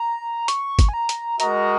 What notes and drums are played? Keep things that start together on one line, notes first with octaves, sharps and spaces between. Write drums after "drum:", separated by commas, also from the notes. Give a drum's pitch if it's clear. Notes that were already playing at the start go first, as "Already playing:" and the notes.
Already playing: A#5
C#6, drum: hi-hat
drum: kick G1, hi-hat
G#5
A#5
drum: hi-hat
G#3 F#4 A#4 D#5 A#5, drum: hi-hat